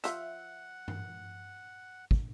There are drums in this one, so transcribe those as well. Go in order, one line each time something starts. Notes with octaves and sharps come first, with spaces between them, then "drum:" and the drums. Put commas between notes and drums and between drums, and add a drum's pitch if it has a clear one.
F3 F4 E5 F#5, drum: hi-hat
drum: tom G2
drum: kick